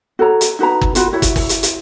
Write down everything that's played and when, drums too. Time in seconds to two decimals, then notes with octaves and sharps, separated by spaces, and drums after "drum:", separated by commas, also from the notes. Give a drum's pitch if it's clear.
0.19 F#4 A4 C#5 A#5
0.41 drum: hi-hat
0.59 D#4 F#4 B4 A#5
0.81 drum: kick
0.95 F4 F#4 B5, drum: hi-hat
1.13 E4 F#4 C#5 E5
1.22 drum: kick, hi-hat
1.36 drum: kick, open hi-hat
1.49 drum: hi-hat
1.63 drum: hi-hat